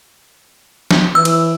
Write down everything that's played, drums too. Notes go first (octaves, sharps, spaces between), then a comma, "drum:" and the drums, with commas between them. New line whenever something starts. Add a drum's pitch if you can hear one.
drum: snare
E3 E6
drum: cymbal